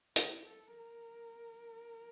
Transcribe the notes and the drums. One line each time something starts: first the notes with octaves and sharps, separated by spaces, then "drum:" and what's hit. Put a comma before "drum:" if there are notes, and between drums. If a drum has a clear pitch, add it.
E4, drum: hi-hat
A4
A#4